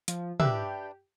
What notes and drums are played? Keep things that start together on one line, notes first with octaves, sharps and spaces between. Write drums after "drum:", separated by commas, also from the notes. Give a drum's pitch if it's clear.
F3, drum: hi-hat
D4 G4 B4 E5, drum: tom